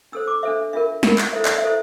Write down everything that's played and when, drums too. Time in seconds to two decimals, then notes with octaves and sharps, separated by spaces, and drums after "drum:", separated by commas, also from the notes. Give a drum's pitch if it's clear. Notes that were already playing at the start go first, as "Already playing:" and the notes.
0.12 D4 A4 C5 E6
0.27 D6
0.43 D4 A4 C5 E5
0.73 D4 F4 A#4 E5
1.03 D4 F4 A#4, drum: snare
1.18 drum: clap
1.33 E4 A4 C5 E5
1.45 D5, drum: clap
1.58 E5
1.63 E4 A4 C5